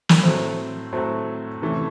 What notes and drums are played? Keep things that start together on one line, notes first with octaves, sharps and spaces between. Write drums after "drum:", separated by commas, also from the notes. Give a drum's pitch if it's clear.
drum: snare
A2 F#3 A3 C4
A2 F#3 A3 C4
C3 E3 A3 C#4